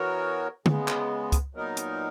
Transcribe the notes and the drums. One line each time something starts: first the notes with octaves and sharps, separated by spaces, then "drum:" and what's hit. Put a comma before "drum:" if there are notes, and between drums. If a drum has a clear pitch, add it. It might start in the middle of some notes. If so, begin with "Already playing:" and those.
Already playing: E3 B3 F#4 A#4 C#5
C#3 G#3 B3, drum: tom
drum: clap
drum: kick, hi-hat
A#2 F#3 B3 D#4 A#4
drum: hi-hat